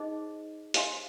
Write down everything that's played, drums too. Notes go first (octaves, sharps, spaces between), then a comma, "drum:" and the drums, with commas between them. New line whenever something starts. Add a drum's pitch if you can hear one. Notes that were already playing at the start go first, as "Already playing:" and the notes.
Already playing: D#4 G#4 C5 D#5
C5 F5 G#5 C6, drum: hi-hat